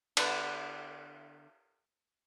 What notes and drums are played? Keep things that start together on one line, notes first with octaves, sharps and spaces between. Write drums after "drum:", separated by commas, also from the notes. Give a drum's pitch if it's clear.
D3 B3 D4, drum: cymbal